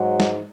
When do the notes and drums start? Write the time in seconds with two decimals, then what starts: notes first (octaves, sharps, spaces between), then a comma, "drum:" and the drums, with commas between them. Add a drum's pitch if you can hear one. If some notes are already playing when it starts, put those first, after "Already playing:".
Already playing: G#2 F#3
0.20 drum: snare